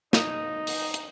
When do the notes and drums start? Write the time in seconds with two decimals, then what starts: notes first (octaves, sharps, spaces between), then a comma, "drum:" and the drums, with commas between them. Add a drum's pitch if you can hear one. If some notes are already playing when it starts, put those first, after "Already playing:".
0.13 D#4, drum: snare
0.67 drum: open hi-hat
0.94 drum: hi-hat